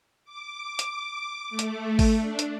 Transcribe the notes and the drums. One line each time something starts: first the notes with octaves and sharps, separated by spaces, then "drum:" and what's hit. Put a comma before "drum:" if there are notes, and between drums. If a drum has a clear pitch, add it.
D6
drum: hi-hat
A3
drum: hi-hat
drum: kick, open hi-hat
D4
drum: hi-hat